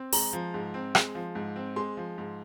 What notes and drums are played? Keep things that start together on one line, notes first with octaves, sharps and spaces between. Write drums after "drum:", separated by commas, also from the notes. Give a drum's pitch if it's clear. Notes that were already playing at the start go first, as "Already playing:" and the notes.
Already playing: C4
G#3 A#5, drum: open hi-hat
F3
G#2
C4
G#3, drum: rim click
F3
G#2
C4
G#3 C6
F3
G#2